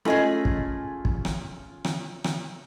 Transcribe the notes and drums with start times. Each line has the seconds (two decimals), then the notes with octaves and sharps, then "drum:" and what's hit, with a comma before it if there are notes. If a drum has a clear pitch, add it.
0.05 A3 C#4 F4 G#4 D#5 G#5 B5
0.45 drum: kick
1.05 drum: kick
1.25 drum: rim click
1.84 drum: rim click
2.24 drum: rim click